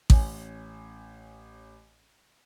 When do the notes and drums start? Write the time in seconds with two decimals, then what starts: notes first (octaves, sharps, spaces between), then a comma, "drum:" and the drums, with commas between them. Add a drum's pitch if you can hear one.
0.10 A1 C#4 G#5, drum: kick A1